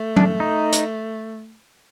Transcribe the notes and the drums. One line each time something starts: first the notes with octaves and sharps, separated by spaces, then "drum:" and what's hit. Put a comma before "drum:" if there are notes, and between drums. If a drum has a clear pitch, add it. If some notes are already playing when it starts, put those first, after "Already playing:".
Already playing: A3
D4, drum: tom F#3
D#4
drum: hi-hat